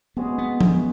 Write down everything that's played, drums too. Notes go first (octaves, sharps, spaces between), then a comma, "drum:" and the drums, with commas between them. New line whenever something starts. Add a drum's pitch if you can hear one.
B2 G#3 B3 C#4 G#4
B3
B3, drum: tom F3